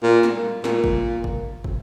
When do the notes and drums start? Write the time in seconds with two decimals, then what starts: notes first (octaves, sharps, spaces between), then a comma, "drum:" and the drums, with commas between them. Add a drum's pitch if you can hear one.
0.03 A#2
0.23 drum: snare
0.64 A#2, drum: snare
0.84 drum: kick
1.24 drum: kick
1.64 drum: kick